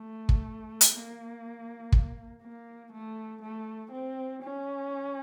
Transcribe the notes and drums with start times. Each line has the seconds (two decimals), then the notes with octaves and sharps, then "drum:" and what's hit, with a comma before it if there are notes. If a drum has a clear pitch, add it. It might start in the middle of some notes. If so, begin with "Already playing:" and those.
Already playing: A3
0.29 drum: kick
0.81 drum: hi-hat
0.92 A#3
1.92 drum: kick
2.42 A#3
2.93 A3
3.42 A3
3.91 C4
4.43 C#4